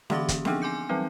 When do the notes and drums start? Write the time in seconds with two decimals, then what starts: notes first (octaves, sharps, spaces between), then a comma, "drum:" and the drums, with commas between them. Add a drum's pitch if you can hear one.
0.10 D3 E3 A#3 C#4 G4 D6, drum: snare C#4
0.28 drum: kick, hi-hat
0.45 F3 B3 C4 D4 D#4 G#4, drum: snare C#4
0.62 G#5 C6 D6 G6 C#7
0.89 E3 F#3 G3 C4 D#4